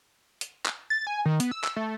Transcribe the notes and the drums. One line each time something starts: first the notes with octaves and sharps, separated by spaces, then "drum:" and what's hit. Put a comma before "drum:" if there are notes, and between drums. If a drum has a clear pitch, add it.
drum: hi-hat
drum: clap
A6
G#5
D#3
B3, drum: hi-hat
E6
drum: clap
A3